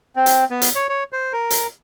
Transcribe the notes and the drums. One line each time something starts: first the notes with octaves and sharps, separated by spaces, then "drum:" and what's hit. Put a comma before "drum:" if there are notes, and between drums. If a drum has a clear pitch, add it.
C4
drum: hi-hat
B3
drum: hi-hat
C#5
C#5
C5
A#4
drum: hi-hat